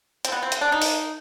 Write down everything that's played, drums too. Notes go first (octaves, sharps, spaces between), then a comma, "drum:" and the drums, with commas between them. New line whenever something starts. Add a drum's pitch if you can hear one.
C4, drum: hi-hat
B3
C4
drum: hi-hat
D4
D#4
drum: open hi-hat